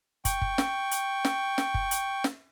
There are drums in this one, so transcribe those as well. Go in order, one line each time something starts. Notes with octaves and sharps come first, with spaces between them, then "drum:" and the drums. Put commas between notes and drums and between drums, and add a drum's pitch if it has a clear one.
G5 C#6, drum: kick, hi-hat
drum: kick
drum: snare
drum: hi-hat
drum: snare
drum: snare
drum: kick
drum: hi-hat
drum: snare